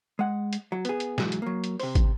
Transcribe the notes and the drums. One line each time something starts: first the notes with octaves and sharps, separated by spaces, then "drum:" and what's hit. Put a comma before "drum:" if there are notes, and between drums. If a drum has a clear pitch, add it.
G#3 F#5
drum: hi-hat
F#3
B3 G#4, drum: hi-hat
drum: hi-hat
G#2 E3 F#3, drum: snare
drum: hi-hat
F#3 A#3
drum: hi-hat
C3 C5, drum: open hi-hat
drum: kick, hi-hat